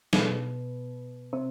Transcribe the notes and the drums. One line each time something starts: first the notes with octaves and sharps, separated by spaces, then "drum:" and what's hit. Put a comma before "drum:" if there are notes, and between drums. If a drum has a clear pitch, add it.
B2, drum: snare
C3